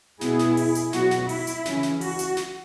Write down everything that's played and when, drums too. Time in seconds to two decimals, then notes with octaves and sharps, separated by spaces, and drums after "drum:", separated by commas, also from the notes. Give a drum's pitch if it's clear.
0.21 B2 B3 E4 G#4, drum: snare
0.39 drum: snare
0.57 drum: open hi-hat
0.75 drum: hi-hat
0.93 B2 F#3 B3 F#4, drum: snare
1.11 drum: snare
1.29 E4, drum: open hi-hat
1.47 drum: hi-hat
1.65 C#3 E3 C#4, drum: snare
1.83 drum: snare
2.01 F#4, drum: open hi-hat
2.19 drum: hi-hat
2.37 drum: snare